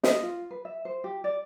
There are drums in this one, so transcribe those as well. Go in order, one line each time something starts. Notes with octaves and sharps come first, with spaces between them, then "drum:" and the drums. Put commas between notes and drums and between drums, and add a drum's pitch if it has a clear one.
D#5, drum: snare
F4
B4
E5
C5
G4
D5